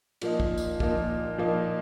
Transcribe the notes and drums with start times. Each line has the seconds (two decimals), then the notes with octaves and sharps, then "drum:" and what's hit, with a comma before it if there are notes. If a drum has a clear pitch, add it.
0.21 A#2 F3 A#3 D#4, drum: cymbal
0.40 drum: kick
0.57 drum: tambourine
0.80 A#2 F3 A#3 D#4, drum: kick
1.38 A#2 F3 A#3 D#4